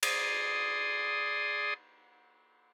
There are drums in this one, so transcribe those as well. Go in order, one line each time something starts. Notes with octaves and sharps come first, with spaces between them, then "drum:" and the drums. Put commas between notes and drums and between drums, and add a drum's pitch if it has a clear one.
G#4 D5 C6 D#6, drum: cymbal